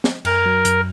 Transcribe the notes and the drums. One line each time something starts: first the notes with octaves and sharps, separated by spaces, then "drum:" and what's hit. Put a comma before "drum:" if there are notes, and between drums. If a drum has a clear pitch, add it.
drum: snare
F#2 A#4, drum: cymbal
F#3
F#2, drum: hi-hat